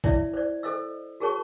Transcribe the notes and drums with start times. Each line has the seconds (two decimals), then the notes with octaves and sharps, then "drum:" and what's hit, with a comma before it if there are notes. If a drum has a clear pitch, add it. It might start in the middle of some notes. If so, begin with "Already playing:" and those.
0.04 E4 C#5 D5 E5, drum: kick
0.33 C5 D5
0.63 A4 C5 D#5 E6
1.20 F#4 G#4 A#4 C#5 A5 C#6